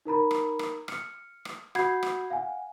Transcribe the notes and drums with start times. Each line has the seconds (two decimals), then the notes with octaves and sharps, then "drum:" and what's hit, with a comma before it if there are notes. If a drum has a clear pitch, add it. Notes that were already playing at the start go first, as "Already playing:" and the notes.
0.05 D#4 A#4 A#5 B5
0.31 drum: rim click
0.59 drum: rim click
0.88 F6 C#7, drum: rim click
1.45 drum: rim click
1.75 F#4 F#5 B5 G6 G#6 C7, drum: rim click
2.03 drum: rim click
2.30 F5 F#5 G#5